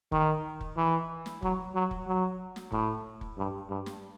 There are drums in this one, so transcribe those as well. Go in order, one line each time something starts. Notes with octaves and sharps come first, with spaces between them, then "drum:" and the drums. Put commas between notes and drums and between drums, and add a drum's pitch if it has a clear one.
D#3, drum: kick
drum: kick
E3
drum: snare
F#3, drum: kick
F#3
drum: kick
F#3
drum: snare
A2, drum: kick
drum: kick
G2
G2
drum: snare